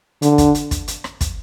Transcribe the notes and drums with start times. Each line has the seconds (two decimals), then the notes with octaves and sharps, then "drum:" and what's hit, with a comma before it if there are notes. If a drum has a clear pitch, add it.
0.22 D3, drum: hi-hat
0.38 drum: kick, hi-hat
0.55 drum: hi-hat
0.71 drum: kick, hi-hat
0.88 drum: hi-hat
1.04 drum: rim click
1.21 drum: kick, hi-hat